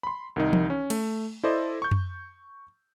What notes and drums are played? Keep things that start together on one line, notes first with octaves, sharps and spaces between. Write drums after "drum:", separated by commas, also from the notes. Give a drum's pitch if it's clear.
B5 C6
C2 D#3 D#4
drum: tom E3
C#4
A3, drum: cymbal
E4 A4 C5 D5 D#5
C#6 G6
drum: tom F#2